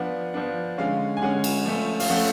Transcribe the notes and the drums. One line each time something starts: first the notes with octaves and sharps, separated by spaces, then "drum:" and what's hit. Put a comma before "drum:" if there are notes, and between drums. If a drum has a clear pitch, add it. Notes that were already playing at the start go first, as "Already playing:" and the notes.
Already playing: F3 B3 D4 F#5
F3 B3 D4
D3 G#3 C#4 F5
G#5
D3 G#3 C#4 F#5
drum: cymbal
F3 A3 C#4
F5, drum: open hi-hat
F3 A3 C#4 F#5